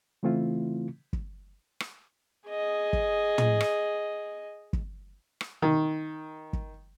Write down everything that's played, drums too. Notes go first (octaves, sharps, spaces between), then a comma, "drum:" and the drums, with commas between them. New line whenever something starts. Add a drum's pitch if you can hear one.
C#3 E3 A3 C4 E4 F4
drum: kick
drum: rim click
G#4 D#5
drum: kick
drum: tom
drum: rim click
drum: kick
drum: rim click
D#3
drum: kick